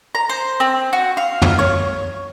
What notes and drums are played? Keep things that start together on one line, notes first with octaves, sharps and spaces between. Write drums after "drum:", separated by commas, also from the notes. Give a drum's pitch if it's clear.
A#5
C5
C4
F#4
F5
drum: tom
C#5